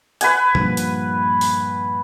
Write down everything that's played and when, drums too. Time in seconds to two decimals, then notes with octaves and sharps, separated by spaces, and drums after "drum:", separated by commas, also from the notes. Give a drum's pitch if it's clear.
0.21 B4 F#5 G#5, drum: hi-hat
0.55 G2 A#2 F3, drum: tom A#2
0.77 drum: hi-hat
1.41 drum: open hi-hat